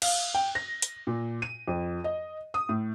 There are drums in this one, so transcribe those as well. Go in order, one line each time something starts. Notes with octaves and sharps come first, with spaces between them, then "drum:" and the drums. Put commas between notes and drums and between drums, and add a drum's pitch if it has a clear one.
F5, drum: cymbal
G5
A#6
drum: hi-hat
A#2
D#7
F2
D#5
D#6
A2